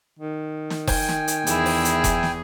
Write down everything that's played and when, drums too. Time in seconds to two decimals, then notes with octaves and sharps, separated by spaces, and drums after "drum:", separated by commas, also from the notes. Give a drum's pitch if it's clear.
0.19 D#3
0.70 drum: snare
0.87 G5 G#5, drum: kick F1, open hi-hat
1.08 drum: snare
1.28 drum: hi-hat
1.47 E2 E4 G#4, drum: hi-hat
1.66 drum: open hi-hat
1.85 drum: hi-hat
2.04 drum: kick F1, hi-hat
2.23 drum: snare